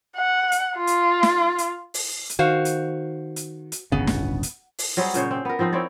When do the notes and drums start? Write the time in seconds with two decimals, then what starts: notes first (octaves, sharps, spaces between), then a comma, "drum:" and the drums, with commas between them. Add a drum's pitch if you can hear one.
0.16 F#5
0.52 drum: hi-hat
0.77 F4
0.87 drum: hi-hat
1.23 drum: snare
1.58 drum: hi-hat
1.94 drum: open hi-hat
2.30 drum: hi-hat
2.39 D#3 F#4 C5 F5
2.65 drum: hi-hat
3.36 drum: hi-hat
3.72 drum: hi-hat
3.92 D1 G1 C#3 B3
4.07 drum: snare
4.43 drum: hi-hat
4.79 drum: open hi-hat
4.97 F#3 G3 C4 G#4
5.14 A#2 C#3 C5 C#5, drum: hi-hat
5.31 C4
5.45 B3 A#4
5.59 F3 C4 D#4 F4
5.72 C4 E4 C#5 D5